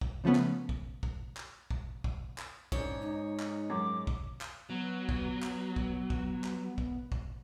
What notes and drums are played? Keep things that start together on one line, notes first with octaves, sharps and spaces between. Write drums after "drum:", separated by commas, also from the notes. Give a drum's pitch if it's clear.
drum: kick
C#3 F3 A3 B3 C#4
drum: clap
drum: kick
drum: kick
drum: clap
drum: kick
drum: kick
drum: clap
G#2 C#4 D4 C#5, drum: kick
D#4
drum: clap
F#2 D6
drum: kick
drum: clap
F#3 B3
drum: kick
drum: clap
drum: kick
drum: kick
drum: clap
drum: kick
drum: kick